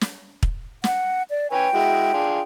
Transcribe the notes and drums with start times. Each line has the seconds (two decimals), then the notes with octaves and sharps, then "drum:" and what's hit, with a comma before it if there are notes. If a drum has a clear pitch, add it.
0.01 drum: snare
0.43 drum: kick
0.84 F#5, drum: snare
1.30 D5
1.52 B4 C#5 G5 G#5
1.74 G#3 E4 F#4
2.14 D4 F4 G#4